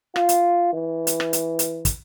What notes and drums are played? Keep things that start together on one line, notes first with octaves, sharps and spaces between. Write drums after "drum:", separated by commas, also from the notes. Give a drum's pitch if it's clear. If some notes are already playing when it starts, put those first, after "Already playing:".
F4, drum: rim click
drum: hi-hat
E3
drum: hi-hat
drum: rim click
drum: hi-hat
drum: hi-hat
drum: kick, hi-hat